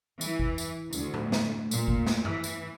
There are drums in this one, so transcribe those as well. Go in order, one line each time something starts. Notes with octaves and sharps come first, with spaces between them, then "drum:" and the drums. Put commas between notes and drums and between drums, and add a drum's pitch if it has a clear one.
E3, drum: tambourine
drum: kick G#1
drum: tambourine
D2, drum: tambourine
drum: tom
drum: snare
A#2, drum: tambourine
drum: kick G#1
drum: snare
E3, drum: tom G2
drum: tambourine